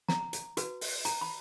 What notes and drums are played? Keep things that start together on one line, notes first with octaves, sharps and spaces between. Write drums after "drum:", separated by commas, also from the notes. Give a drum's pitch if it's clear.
A#5, drum: snare
drum: hi-hat
F#4 B4, drum: hi-hat
drum: open hi-hat
A#5, drum: hi-hat
B5